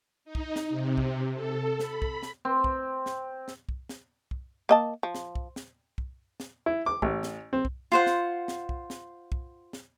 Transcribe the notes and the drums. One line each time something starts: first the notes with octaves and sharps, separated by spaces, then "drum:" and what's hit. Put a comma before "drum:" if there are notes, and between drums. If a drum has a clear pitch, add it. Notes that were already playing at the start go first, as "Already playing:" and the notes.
D#4
drum: kick
drum: snare
C3
drum: kick
A4
B5, drum: snare
drum: kick
drum: snare
C4
drum: kick
drum: snare
drum: snare
drum: kick
drum: snare
drum: kick
A#3 D#5 A5
F3
drum: snare
drum: kick
drum: snare
drum: kick
drum: snare
E4
D6
A1, drum: kick
drum: snare
C4
drum: kick
F4 C5 F#5
drum: snare
drum: snare
drum: kick
drum: snare
drum: kick
drum: snare